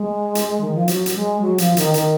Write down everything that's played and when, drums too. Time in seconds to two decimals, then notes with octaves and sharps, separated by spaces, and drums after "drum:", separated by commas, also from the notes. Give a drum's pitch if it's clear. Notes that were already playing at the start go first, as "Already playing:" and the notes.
Already playing: G#3
0.35 drum: hi-hat
0.61 D#3
0.75 F3
0.88 F#3, drum: hi-hat
1.06 drum: hi-hat
1.15 G#3
1.41 F#3
1.58 F3, drum: hi-hat
1.77 D#3, drum: hi-hat
1.94 D#3, drum: hi-hat